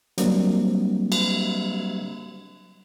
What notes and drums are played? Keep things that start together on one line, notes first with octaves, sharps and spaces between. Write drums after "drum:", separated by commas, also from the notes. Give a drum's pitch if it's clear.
F#3 G3 A#3 C4 D4, drum: hi-hat
drum: cymbal